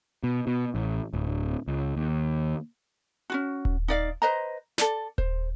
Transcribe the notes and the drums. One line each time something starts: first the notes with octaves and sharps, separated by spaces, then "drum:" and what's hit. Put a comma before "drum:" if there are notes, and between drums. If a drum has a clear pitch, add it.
B2
B2
A1
D1
C#2
D#2
C#4 F4 F#4
drum: kick D#1
D#4 D5 F5
B4 C5 D#5 A#5
A4 D5, drum: snare
C5, drum: kick D#1